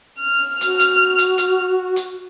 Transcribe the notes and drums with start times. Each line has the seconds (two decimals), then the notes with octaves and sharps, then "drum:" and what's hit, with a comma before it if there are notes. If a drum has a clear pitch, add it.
0.21 F6
0.61 F#4, drum: hi-hat
0.79 drum: hi-hat
1.18 drum: hi-hat
1.38 drum: hi-hat
1.96 drum: hi-hat